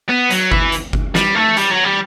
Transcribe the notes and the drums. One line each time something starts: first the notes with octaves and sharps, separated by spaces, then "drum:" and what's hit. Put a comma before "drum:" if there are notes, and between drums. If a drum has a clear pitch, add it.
B3
F#3, drum: hi-hat
E3, drum: kick G1
drum: hi-hat
drum: kick G1
G3, drum: snare
A3
G3, drum: hi-hat
F#3
G3